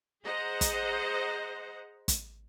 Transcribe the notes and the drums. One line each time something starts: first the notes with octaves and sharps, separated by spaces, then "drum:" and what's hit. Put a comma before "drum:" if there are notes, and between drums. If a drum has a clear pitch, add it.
G#4 C5 D#5 F#5 A#5
drum: kick, hi-hat
drum: kick, hi-hat